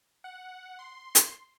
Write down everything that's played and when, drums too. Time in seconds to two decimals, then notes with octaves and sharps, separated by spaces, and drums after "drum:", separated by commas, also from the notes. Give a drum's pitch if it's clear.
0.24 F#5
0.79 C6
1.15 drum: hi-hat